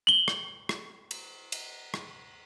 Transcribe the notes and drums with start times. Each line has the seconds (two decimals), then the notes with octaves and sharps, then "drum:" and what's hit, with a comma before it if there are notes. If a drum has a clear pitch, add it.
0.07 F#7 G7
0.28 drum: rim click
0.69 drum: rim click
1.11 drum: cymbal
1.52 drum: cymbal
1.94 drum: rim click